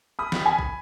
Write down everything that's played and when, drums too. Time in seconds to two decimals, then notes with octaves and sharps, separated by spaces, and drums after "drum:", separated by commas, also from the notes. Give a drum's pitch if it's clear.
0.19 B5 D#6
0.32 drum: snare
0.46 G#5 B5
0.59 drum: kick A#1